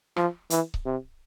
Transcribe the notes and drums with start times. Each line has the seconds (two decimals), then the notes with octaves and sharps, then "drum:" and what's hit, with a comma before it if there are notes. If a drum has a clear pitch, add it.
0.16 F3, drum: rim click
0.50 E3, drum: hi-hat
0.74 drum: kick C#1
0.86 C3